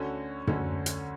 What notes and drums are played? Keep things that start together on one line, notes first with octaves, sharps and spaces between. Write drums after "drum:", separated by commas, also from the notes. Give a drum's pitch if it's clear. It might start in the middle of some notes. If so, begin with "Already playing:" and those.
Already playing: D2 D3 A3 C#4 F#4
D2 D3 A3 C#4 F#4, drum: tom
drum: hi-hat